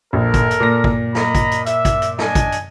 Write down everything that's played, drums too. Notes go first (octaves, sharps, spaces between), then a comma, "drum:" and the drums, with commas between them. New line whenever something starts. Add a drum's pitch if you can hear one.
A#1 A4 A#4
drum: kick, hi-hat
drum: hi-hat
A#2 A#6
drum: kick
D#5 A#5 B5, drum: snare
drum: kick, hi-hat
drum: hi-hat
E5, drum: hi-hat
drum: kick, hi-hat
drum: hi-hat
D4 D#5 G#5, drum: snare
drum: kick, hi-hat
drum: hi-hat